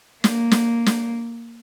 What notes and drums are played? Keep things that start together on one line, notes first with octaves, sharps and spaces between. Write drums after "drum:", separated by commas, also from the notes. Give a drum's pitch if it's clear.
A#3, drum: snare
drum: snare
drum: snare